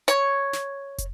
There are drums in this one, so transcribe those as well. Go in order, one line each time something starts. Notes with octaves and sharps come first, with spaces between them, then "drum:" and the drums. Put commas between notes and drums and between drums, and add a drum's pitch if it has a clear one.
C#5, drum: hi-hat
drum: snare
drum: kick, hi-hat